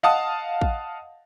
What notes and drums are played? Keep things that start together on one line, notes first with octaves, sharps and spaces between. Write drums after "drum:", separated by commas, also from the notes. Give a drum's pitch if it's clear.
D#5 F5 F#5 A5 D#6
drum: kick A1